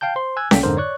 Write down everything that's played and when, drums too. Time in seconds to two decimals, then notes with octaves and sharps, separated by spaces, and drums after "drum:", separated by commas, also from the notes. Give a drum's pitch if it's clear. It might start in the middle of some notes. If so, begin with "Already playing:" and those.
0.01 F5 G5 A5 G6
0.16 C5 C6
0.37 G#5 E6 F#6 G#6
0.51 C2 A#3 A4 G5 B6, drum: snare C#4
0.63 F2 G#2 D3 D#4 A#4 C5
0.77 C#5 D5 C#6 F#6